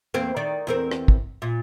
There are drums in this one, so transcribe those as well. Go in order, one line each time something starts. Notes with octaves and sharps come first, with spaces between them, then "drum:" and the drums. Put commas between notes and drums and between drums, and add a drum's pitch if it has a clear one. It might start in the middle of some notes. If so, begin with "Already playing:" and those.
E2 A#3 C4
D#3 D5
E2 C4 A#4
drum: rim click
drum: kick
A#2